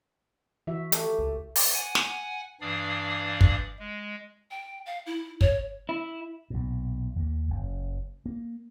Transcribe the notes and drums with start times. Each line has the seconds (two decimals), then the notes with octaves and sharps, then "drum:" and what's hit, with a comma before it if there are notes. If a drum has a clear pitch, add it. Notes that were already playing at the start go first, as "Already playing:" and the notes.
0.67 E3 E4 F#4 E5
0.92 A3 G4, drum: hi-hat
1.19 C#2
1.56 drum: open hi-hat
1.74 F#5 G#5
1.95 drum: snare
2.61 G2 E3 D4 D5 F5 D#6
3.41 drum: kick
3.79 G#3
4.51 G5
4.86 F5
5.06 E4
5.41 C#5, drum: kick
5.89 E4
6.50 B1 A#2
7.16 D#2 A#3
7.50 F#1 F#2
8.26 A#3